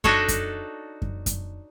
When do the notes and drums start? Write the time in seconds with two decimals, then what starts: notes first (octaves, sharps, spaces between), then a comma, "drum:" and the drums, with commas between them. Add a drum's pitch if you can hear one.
0.04 D4 D#4 F#4 A4 C#5, drum: kick F#2
0.28 drum: kick F#2, hi-hat
1.02 drum: kick F#2
1.26 drum: kick F#2, hi-hat